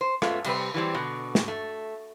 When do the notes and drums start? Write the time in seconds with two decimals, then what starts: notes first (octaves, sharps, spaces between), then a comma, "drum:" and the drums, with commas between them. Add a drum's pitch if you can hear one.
0.01 C5
0.22 G#3 A3 B3 C#4 F4, drum: rim click
0.44 C3 G3 C4 B4, drum: cymbal
0.74 E3 F#3 G3 C4
0.95 B2 D3
1.35 drum: snare
1.48 A3